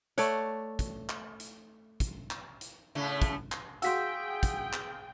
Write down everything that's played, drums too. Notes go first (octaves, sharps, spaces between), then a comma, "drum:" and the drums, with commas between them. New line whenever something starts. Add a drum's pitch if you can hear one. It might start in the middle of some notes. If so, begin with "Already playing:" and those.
A3 C#5 D5 F#5, drum: hi-hat
drum: kick, hi-hat
drum: clap
drum: hi-hat
drum: kick, hi-hat
drum: clap
drum: hi-hat
A2 C#3 A3
drum: kick, hi-hat
drum: clap
F#4 G#4 F5 G5 C6 E6 B6, drum: hi-hat
drum: kick, hi-hat
drum: clap